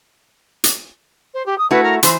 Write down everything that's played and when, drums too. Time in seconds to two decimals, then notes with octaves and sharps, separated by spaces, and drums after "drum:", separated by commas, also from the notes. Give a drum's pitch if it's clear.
0.64 drum: hi-hat
1.34 C5
1.46 G4
1.58 D#6
1.71 A3 E4 F#4 B4
1.84 A#4
2.03 E3 C5 C6, drum: hi-hat